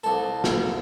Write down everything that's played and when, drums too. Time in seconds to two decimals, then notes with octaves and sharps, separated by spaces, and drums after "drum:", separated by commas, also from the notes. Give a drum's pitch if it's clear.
0.04 C2 A4
0.44 drum: snare